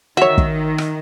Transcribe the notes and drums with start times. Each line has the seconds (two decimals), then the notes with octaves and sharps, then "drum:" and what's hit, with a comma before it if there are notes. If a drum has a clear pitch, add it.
0.17 D#3 F#4 C#5 E5
0.38 drum: kick
0.78 drum: rim click